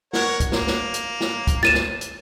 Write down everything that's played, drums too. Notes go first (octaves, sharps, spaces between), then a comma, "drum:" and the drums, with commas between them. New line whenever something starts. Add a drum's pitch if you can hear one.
A#4 C#5 F#5, drum: snare
drum: kick, hi-hat
A#3, drum: snare
drum: snare
drum: hi-hat
drum: snare
drum: kick, hi-hat
A6 D#7 E7, drum: snare
drum: snare
drum: hi-hat